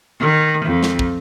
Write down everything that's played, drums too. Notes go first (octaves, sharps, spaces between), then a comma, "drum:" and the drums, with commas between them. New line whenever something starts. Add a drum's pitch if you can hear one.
D#3
F2
drum: snare
drum: kick